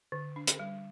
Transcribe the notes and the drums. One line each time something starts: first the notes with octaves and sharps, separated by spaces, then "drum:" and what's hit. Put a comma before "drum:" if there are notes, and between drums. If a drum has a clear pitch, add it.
D3
D4
drum: hi-hat
G3